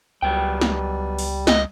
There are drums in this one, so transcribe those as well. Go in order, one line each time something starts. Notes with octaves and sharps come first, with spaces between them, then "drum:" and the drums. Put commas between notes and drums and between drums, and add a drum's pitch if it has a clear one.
C#2 F#3 G3 B3 G5
drum: snare
drum: open hi-hat
D#5, drum: snare